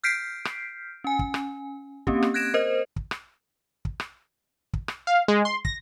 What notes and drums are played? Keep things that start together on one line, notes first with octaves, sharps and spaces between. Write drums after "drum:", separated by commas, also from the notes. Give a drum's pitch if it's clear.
F6 G6 B6 C7 D7
drum: rim click
C#4 G#5
drum: kick
drum: rim click
A#3 C4 C#4 G4, drum: kick
drum: rim click
F#6 G#6 A#6 D7 E7
A#4 C5 D#5
drum: kick
drum: rim click
drum: kick
drum: rim click
drum: kick
drum: rim click
F5
G#3
C6
A#6, drum: kick